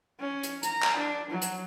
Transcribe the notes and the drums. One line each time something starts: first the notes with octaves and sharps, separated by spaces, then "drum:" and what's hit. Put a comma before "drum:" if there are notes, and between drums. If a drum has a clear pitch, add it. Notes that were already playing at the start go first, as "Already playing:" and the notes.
C#4
drum: hi-hat
A#5, drum: hi-hat
drum: clap
D4
F#3
drum: hi-hat